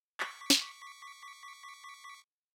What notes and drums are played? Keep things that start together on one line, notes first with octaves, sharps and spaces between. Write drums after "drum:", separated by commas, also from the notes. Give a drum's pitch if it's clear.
C#6 D6 B6, drum: clap
drum: snare